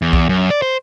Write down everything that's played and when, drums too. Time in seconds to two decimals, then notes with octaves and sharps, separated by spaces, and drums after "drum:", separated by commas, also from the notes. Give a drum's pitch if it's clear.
0.02 E2
0.13 drum: kick B1
0.29 F#2
0.50 D5
0.62 C5